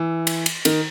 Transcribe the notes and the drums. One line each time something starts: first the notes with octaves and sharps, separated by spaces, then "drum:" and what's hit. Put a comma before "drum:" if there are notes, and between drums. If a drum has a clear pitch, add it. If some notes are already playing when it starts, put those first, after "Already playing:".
Already playing: E3
drum: cymbal
drum: cymbal
D#3, drum: cymbal